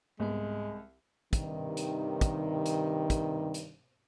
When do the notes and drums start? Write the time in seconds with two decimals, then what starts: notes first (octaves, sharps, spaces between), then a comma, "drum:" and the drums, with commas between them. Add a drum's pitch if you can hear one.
0.20 C2 G#2 G#3 B3
1.33 G2 C3 D#3, drum: kick, hi-hat
1.77 drum: hi-hat
2.21 drum: kick, hi-hat
2.66 drum: hi-hat
3.10 drum: kick, hi-hat
3.54 drum: hi-hat